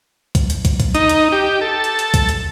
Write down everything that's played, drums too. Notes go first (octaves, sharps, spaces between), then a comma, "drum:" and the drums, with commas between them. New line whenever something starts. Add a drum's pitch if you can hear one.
drum: kick, hi-hat
drum: hi-hat
drum: kick, hi-hat
drum: kick, hi-hat
D#4, drum: hi-hat
drum: hi-hat
G4
A4
drum: hi-hat
drum: hi-hat
drum: kick, hi-hat
drum: hi-hat